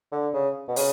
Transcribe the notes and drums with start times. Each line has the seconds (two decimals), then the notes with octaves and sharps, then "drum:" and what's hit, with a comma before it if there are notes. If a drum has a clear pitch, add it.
0.12 D3
0.34 C#3
0.68 B2
0.76 C#3, drum: open hi-hat